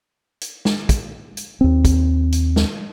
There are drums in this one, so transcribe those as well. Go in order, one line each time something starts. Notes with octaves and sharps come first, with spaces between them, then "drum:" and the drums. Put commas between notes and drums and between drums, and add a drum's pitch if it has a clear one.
drum: hi-hat
drum: snare
drum: kick, hi-hat
drum: hi-hat
D#2 C4
drum: kick, hi-hat
drum: hi-hat
drum: snare